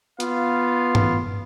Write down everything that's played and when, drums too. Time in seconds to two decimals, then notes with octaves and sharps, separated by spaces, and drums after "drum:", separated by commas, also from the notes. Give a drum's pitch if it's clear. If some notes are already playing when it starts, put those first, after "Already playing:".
0.20 B3 F4 F5, drum: hi-hat
0.95 drum: tom G2